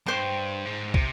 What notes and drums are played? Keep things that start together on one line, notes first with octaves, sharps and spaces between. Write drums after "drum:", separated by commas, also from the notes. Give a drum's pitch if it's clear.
G2 C5 G5 C#6
G#2
C3, drum: kick